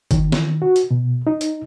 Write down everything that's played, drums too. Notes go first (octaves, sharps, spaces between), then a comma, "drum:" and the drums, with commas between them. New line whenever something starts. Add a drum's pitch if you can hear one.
D#3, drum: kick G1, hi-hat
drum: snare
F#4
drum: hi-hat
B2
D#4
drum: hi-hat